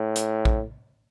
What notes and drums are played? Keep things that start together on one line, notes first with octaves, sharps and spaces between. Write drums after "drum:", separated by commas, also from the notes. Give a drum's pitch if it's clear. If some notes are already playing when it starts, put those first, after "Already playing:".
Already playing: A2
drum: hi-hat
drum: kick